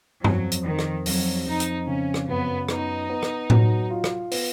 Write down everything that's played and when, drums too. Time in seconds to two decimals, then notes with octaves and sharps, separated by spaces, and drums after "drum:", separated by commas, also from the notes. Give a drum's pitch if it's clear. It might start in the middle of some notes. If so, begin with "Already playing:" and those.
0.24 F2 F#3, drum: tom G2
0.52 drum: hi-hat
0.65 F2 D#3
0.79 drum: rim click
1.06 F2 F#3, drum: open hi-hat
1.46 F2 D#4
1.60 drum: hi-hat
1.87 C#3 C#4
2.14 drum: rim click
2.27 F#2 B3
2.69 B3 D#4, drum: rim click
3.10 B3
3.23 drum: rim click
3.50 F#3, drum: tom A2
3.90 F4
4.04 drum: rim click
4.31 B3, drum: open hi-hat